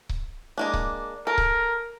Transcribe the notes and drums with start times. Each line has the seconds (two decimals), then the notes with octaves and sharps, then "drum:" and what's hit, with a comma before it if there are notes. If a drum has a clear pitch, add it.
0.09 drum: kick C#1
0.58 G#3 A#3 D4
0.74 drum: kick C#1
1.27 A4 A#4
1.38 drum: kick C#1